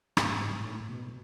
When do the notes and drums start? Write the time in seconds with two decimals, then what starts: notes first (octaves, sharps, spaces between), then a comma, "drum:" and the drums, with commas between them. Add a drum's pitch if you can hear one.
0.17 G#2, drum: rim click
0.31 G#2
0.60 A2
0.89 B2